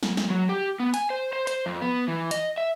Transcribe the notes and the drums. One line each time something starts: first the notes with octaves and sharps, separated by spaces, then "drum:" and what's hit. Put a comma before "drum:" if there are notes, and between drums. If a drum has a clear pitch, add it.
drum: snare
drum: snare
F#3
G4
B3
G#5, drum: hi-hat
C5
C5
C5, drum: hi-hat
F2
B3
E3
D#5, drum: hi-hat
E5